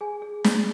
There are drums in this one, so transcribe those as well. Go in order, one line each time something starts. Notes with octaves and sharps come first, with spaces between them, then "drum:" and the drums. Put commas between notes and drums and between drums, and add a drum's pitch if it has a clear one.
G#4 G#5
G#4
G#4, drum: snare